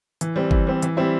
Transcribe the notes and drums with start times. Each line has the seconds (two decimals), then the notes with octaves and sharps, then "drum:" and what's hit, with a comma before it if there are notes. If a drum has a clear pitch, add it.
0.21 E3, drum: hi-hat
0.36 G3 C4
0.51 E3, drum: kick G1
0.67 G3 C4
0.82 E3, drum: hi-hat
0.97 G3 C4 E4